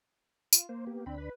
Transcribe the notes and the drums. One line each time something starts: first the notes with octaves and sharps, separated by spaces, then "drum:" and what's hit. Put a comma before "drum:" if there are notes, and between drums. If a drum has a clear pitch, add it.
F4, drum: tambourine
A#3 C5
B3 G4
D2 C4 D4 B5
B4